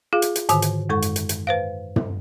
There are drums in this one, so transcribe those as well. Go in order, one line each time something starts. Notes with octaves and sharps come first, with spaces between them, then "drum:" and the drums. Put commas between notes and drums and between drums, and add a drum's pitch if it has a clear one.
F4 G#4 F5
drum: hi-hat
drum: hi-hat
G#2 D3 D#3, drum: hi-hat
drum: hi-hat
F#2 G#3 A4 F#5 C#6
drum: hi-hat
drum: hi-hat
drum: hi-hat
B4 C5 F5
drum: tom